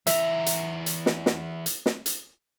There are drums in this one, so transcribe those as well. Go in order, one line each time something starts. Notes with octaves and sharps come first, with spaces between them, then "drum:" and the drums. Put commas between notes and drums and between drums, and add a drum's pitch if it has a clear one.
E2 E5 A#5, drum: hi-hat
drum: hi-hat
drum: hi-hat
drum: snare
drum: snare
drum: hi-hat
drum: snare
drum: hi-hat